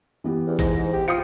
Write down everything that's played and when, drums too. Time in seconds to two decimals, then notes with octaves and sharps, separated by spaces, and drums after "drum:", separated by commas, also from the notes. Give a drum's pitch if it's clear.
0.24 E3 B3 G4
0.47 E2
0.59 G#2 E3 A#6, drum: kick A1, hi-hat
0.76 G#2
0.93 G4
1.08 F4 D#6 G6 C#7